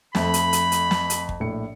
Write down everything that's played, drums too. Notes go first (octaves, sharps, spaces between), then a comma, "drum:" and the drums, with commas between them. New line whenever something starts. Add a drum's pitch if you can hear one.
F2 A3 B5, drum: snare
drum: hi-hat
drum: hi-hat
drum: hi-hat
drum: snare
drum: hi-hat
drum: kick
A#1 A2 C#7